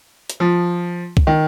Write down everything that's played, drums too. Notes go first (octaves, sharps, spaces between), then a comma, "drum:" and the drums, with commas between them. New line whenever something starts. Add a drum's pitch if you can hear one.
drum: hi-hat
F3
drum: kick C2
D#3